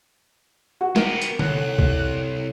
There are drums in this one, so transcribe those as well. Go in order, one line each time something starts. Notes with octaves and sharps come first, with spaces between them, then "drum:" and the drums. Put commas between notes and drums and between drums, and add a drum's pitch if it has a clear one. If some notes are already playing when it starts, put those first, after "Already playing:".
F#4
B3 G4 A#4, drum: snare
drum: hi-hat
C2 A4 C#5 F#6, drum: tom D3
drum: kick